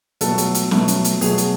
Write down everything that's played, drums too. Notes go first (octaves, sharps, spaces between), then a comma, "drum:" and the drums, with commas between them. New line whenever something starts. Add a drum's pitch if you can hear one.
B2 F#3 A3 A4, drum: hi-hat
drum: hi-hat
drum: hi-hat
B2 F#3 A3, drum: snare
drum: hi-hat
drum: hi-hat
B2 F#3 A3 G#4, drum: open hi-hat
drum: hi-hat